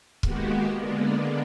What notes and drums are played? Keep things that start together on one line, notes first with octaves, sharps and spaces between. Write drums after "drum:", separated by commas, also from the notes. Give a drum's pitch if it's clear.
D#3 G#3 A#3 B3 F#4 G4, drum: kick
D3 G#3 A#3 B3 D4